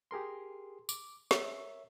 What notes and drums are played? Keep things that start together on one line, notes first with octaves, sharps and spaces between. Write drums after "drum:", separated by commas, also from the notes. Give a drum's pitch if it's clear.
G4 G#4 A#4 C6
D6, drum: tambourine
A#4 C#5 E5, drum: snare